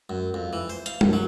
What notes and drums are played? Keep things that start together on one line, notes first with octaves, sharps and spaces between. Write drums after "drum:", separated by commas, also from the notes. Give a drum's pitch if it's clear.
F#2
F2
E3
C5
F5, drum: hi-hat
F#2, drum: tom G3
F#3